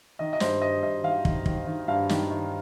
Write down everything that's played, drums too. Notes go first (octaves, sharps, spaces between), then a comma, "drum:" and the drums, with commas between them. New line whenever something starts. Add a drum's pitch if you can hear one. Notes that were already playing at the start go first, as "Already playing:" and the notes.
D#3 D#5
D#5
G2 C5, drum: snare
G2 D#5
G2 D#5
D#3 F5
D#3, drum: kick
D#3, drum: kick
D#3
G2 F5
D#3, drum: snare
D#3